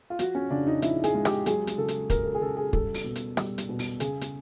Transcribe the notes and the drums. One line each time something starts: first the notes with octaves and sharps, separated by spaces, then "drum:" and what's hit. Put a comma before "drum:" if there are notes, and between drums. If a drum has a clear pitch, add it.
F4
F3 F#4, drum: hi-hat
C#4
C#3 D4
D#4
F3 E4, drum: hi-hat
G#4, drum: hi-hat
G#3
G4, drum: rim click
F#3 G#4, drum: hi-hat
drum: hi-hat
C#3 A4
drum: hi-hat
C#3 A#4, drum: kick, hi-hat
A4
G#4
C#3 A4
G#4
G3 A4, drum: kick
drum: open hi-hat
B2
drum: hi-hat
G3, drum: rim click
drum: hi-hat
B2
drum: open hi-hat
C#3 G#4, drum: hi-hat
drum: hi-hat